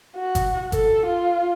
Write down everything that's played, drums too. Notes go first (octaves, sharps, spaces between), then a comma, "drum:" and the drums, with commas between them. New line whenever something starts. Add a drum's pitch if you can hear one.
F#4
drum: kick G1, hi-hat
A4, drum: kick G1, hi-hat
F4